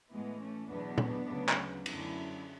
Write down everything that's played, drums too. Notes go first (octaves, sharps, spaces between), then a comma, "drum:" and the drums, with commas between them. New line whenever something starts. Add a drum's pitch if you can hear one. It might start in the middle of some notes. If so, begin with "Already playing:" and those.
A2 E3 G#3 B3
A3 C#4
E2 B2 F#3 B3 D4
drum: tom
D2 C#3 F#3
drum: clap
F#2 D3 F#3 C#4 E4, drum: cymbal